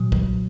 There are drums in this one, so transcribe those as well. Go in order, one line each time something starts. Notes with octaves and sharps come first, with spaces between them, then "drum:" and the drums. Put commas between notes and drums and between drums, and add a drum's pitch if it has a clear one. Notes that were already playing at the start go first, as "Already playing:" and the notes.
Already playing: A#2 F#3
drum: kick